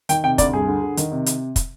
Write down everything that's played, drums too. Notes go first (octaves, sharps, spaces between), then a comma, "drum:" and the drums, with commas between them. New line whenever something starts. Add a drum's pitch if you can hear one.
D#3 G5, drum: hi-hat
C3 G5
D2 D5, drum: kick, hi-hat
G2 G#4
D3
D3
D#3, drum: hi-hat
C3
drum: hi-hat
drum: kick, hi-hat